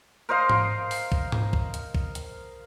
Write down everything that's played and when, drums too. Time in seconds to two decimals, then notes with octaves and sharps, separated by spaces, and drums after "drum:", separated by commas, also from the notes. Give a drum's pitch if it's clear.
0.29 A#4 C5 D#5 F5
0.50 drum: tom G#2
0.91 drum: open hi-hat
1.12 drum: kick B1
1.32 drum: tom G#2
1.53 drum: kick B1
1.74 drum: hi-hat
1.95 drum: kick B1
2.15 drum: hi-hat